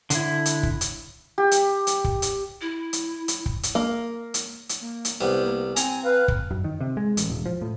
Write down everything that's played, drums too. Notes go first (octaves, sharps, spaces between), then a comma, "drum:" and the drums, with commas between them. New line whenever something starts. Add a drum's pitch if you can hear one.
D3 E4, drum: hi-hat
drum: hi-hat
drum: kick
drum: hi-hat
G4
drum: hi-hat
drum: hi-hat
drum: kick
drum: hi-hat
E4
drum: hi-hat
drum: hi-hat
drum: kick
drum: hi-hat
A#3
drum: hi-hat
drum: hi-hat
A#3
drum: hi-hat
C2 B3 C5
A#3
C4 G#5 A#5, drum: hi-hat
B4 F5
drum: kick
F#2
D#3
C3
G#3
A1, drum: hi-hat
E1
F3
A2